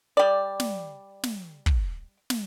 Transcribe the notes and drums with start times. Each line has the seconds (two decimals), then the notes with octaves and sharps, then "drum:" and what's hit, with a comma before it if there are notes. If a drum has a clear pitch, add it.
0.17 G3 D5
0.60 drum: snare
1.23 drum: snare
1.66 drum: kick
2.30 drum: snare